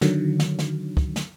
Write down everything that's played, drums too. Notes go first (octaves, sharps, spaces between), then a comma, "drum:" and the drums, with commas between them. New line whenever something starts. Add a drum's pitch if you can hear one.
D3 D#3 F#3, drum: snare
drum: snare
drum: snare
drum: kick
drum: snare